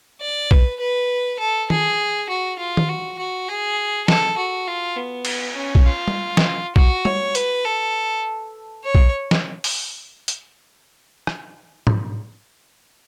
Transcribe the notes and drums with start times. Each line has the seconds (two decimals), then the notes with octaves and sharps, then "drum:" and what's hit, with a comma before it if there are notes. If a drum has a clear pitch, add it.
0.21 D5
0.51 B4, drum: kick A#1
0.80 B4
1.39 A4
1.70 G#4, drum: tom D#3
2.29 F#4
2.59 F4
2.77 drum: tom D#3
2.89 F#4
3.19 F#4
3.49 G#4
4.08 A4, drum: snare
4.37 F#4
4.67 F4
4.97 B3
5.25 drum: cymbal
5.56 C#4
5.75 drum: kick A#1
5.86 F4
6.08 drum: tom G3
6.37 drum: snare
6.76 F#4, drum: kick A#1
7.05 C#5, drum: tom G3
7.35 B4, drum: hi-hat
7.65 A4
8.84 C#5
8.95 drum: kick A#1
9.31 drum: snare
9.64 drum: open hi-hat
10.28 drum: hi-hat
11.27 drum: rim click
11.87 drum: tom